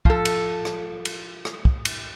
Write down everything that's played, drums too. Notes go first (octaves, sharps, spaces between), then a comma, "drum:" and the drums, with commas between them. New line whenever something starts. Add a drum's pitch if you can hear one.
F3 A4, drum: kick
drum: cymbal
drum: rim click
drum: cymbal
drum: rim click
drum: kick
drum: cymbal